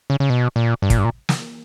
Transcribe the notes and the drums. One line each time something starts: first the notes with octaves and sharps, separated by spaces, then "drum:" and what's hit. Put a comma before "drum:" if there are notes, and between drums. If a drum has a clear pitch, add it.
C#3
C#3
B2
A#2
G2
A#2, drum: kick, hi-hat
G2
A#2
drum: snare